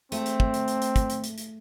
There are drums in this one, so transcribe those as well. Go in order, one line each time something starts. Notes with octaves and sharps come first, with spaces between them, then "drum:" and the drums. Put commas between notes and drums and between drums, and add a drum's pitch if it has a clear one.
A3 C4, drum: hi-hat
drum: hi-hat
drum: kick
drum: hi-hat
drum: hi-hat
drum: hi-hat
drum: kick, hi-hat
drum: hi-hat
drum: hi-hat
drum: hi-hat